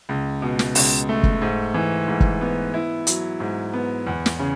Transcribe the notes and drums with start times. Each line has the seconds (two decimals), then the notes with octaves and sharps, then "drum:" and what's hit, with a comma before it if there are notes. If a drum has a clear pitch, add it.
0.09 C#2
0.42 B2
0.59 drum: snare
0.75 C#2, drum: open hi-hat
1.09 A3
1.23 drum: kick
1.42 G#2
1.74 E3
2.08 G#2
2.20 drum: kick
2.41 B3
2.74 E4
3.07 F#3, drum: hi-hat
3.40 G#2
3.73 B3
4.07 E2
4.26 drum: snare
4.39 C#3